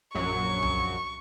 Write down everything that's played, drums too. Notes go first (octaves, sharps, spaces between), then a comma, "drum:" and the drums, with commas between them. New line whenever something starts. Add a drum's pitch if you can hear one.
A#1 F#2 F#3 C#6
drum: tom C2